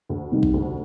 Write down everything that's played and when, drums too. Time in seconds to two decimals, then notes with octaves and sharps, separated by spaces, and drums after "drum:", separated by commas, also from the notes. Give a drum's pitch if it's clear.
0.09 D2
0.32 C3 D#3 G3
0.43 drum: kick A#1
0.54 D2